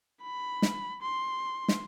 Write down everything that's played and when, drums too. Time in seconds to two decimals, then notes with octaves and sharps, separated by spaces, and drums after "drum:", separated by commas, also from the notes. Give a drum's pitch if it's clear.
0.22 B5
0.62 drum: snare
1.02 C6
1.68 drum: snare